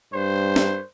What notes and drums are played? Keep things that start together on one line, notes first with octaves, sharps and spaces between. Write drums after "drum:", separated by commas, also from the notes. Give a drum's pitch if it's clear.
G2 C5
drum: snare